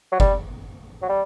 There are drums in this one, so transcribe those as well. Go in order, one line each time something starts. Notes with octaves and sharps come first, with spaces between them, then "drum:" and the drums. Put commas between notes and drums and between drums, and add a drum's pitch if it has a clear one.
F#3
G3, drum: kick F#1
F#3
G3